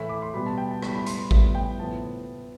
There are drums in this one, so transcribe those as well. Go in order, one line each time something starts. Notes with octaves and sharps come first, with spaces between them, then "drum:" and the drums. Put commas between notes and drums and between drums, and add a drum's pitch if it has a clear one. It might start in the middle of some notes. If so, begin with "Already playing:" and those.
Already playing: A2 E3 A3 B5
D6
C6
B2 G3 B3 B5
A5
G5
A5
A2 G3 B3 A5, drum: rim click
B5
C6, drum: hi-hat
C6
A2 G3 B3 B5, drum: kick A1
G5
A2 F3 B3 A5